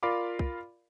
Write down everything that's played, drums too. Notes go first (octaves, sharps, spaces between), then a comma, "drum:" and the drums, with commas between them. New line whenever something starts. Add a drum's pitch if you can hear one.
F4 A#4 D5 F5 B5 D6
drum: kick C2